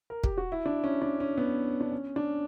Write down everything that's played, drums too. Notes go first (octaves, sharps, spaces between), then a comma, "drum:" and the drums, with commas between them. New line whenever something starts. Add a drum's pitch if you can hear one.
A#4
G4, drum: kick
F#4
E4
D4
C#4
D4
C#4
B3
D4
C#4
D4